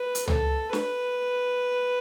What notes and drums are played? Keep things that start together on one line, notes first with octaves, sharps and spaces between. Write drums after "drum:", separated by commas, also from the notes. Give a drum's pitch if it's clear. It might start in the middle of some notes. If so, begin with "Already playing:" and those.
Already playing: B4
drum: hi-hat
A4, drum: tom
B4, drum: snare